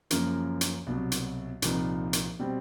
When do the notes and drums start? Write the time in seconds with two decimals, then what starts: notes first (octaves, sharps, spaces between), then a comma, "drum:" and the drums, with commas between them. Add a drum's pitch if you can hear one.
0.11 F#2 C#3 F3 A#3, drum: hi-hat
0.61 drum: hi-hat
0.87 C2 B2 F#3
1.12 drum: hi-hat
1.62 C2 A#2 F3 A#3 D#4, drum: hi-hat
2.13 drum: hi-hat
2.39 B2 G3 C4